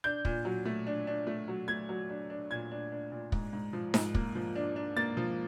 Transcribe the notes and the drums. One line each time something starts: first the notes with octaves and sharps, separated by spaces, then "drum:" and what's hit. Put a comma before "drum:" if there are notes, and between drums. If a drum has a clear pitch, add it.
D4 G6
A#2, drum: kick
F#3
A3
D4
D4
A3
F#3
A3 G#6
F#3
D4
D4
A#2 G#6
D4
D4
A#2
G#2, drum: kick
G#2
F3
G#2, drum: snare D#4
A#3, drum: kick
F3
D4
D4
A#3 A6
F3